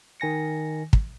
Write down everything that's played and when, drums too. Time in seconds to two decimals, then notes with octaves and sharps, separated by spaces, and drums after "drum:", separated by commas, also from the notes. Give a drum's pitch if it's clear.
0.20 D#3 G#5 A#6 C#7
0.93 drum: kick